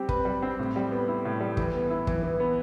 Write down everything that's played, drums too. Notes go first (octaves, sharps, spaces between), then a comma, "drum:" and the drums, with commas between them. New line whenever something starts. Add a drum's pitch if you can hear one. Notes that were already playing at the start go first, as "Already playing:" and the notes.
Already playing: G3 C4 G4
B4, drum: kick
G3
C4
A2
G3
B3
E4
A2
G3
E3, drum: kick
B3
E4
E3, drum: kick
E3
B3